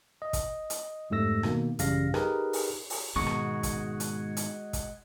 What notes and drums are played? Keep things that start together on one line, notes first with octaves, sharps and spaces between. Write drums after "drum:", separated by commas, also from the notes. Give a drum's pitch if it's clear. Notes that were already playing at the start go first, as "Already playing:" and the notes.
D#5
drum: kick, hi-hat
drum: hi-hat
F2 G#2 G3 A3 E6 A#6
B2 D#3 A#3, drum: rim click
A1 F#2 C#3 G3 F5 A#6, drum: hi-hat
D#4 G4 G#4 A#4 B4, drum: rim click
drum: open hi-hat
drum: open hi-hat
G#2 B2 D#3 G#3 B3 F#4 G#4 C#6
drum: rim click
drum: kick, hi-hat
drum: hi-hat
drum: hi-hat
drum: kick, hi-hat